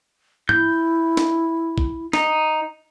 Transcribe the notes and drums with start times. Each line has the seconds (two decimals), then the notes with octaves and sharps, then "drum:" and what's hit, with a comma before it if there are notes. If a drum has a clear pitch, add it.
0.49 E4 G6, drum: tom G#2
1.17 drum: snare
1.78 drum: kick
2.13 D#4, drum: snare